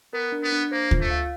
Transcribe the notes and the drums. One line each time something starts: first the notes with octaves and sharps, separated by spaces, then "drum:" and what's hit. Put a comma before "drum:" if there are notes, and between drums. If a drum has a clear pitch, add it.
B3 A#4
D4
B3
D4
A#3 C5
F4, drum: kick
A3
F5